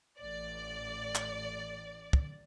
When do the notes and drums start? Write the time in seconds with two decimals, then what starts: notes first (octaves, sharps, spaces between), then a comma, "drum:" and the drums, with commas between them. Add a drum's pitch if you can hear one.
0.19 A1 D5
1.15 drum: clap
2.13 drum: kick